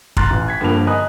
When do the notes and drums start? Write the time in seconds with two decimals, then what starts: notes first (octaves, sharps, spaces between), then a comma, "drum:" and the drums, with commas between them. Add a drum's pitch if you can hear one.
0.17 A#5 C6 F6 F#6 A6, drum: kick
0.30 A1
0.48 G#6 B6
0.61 G2 D3 F3 A#3 B5 F7
0.87 D#5 G#5 A#5 B5 D#6 F#6